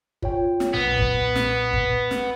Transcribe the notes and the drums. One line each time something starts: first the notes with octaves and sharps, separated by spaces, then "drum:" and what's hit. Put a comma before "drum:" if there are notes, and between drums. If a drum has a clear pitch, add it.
F4 C#5 G5, drum: kick
drum: snare
B1 A#2 B3
drum: kick
drum: snare
drum: kick
drum: snare